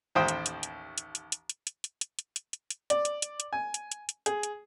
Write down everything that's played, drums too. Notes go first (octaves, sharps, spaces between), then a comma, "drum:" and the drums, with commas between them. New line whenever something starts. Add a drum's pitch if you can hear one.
A1 D#2 C5 G5 D#6
drum: hi-hat
drum: hi-hat
drum: hi-hat
drum: hi-hat
drum: hi-hat
drum: hi-hat
drum: hi-hat
drum: hi-hat
drum: hi-hat
drum: hi-hat
drum: hi-hat
drum: hi-hat
drum: hi-hat
drum: hi-hat
D5, drum: hi-hat
drum: hi-hat
drum: hi-hat
drum: hi-hat
G#5
drum: hi-hat
drum: hi-hat
drum: hi-hat
G#4, drum: hi-hat
drum: hi-hat